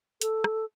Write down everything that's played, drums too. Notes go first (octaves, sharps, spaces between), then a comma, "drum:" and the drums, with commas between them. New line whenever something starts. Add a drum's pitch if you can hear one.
A4, drum: hi-hat
drum: rim click